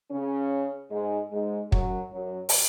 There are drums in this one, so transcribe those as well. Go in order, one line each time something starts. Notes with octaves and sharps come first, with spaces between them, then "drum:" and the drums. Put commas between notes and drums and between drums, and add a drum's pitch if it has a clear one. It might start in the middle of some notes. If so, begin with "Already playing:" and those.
C#3 C#4
G#2 G#3
G#2 G#3
F#2 F#3, drum: kick
F#2 F#3
drum: open hi-hat